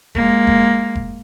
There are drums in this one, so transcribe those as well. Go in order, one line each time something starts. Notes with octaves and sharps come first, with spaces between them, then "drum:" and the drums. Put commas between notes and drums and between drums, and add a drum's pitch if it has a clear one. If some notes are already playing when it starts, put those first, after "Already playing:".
G#3 A#3, drum: kick F1
drum: kick F1
drum: kick F1